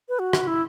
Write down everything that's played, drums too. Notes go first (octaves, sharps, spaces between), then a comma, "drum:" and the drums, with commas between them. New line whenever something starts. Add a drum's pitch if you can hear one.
B4
F#4
drum: rim click
E4